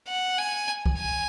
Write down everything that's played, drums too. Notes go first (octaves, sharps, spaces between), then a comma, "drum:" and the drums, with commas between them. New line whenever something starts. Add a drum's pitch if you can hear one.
F#5
G#5
drum: kick B1
G#5